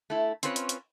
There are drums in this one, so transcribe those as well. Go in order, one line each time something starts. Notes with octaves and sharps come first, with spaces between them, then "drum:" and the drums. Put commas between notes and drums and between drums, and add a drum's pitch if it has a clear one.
A3 E4
C4 C#4 F4 B4 C#5, drum: hi-hat
drum: hi-hat
drum: hi-hat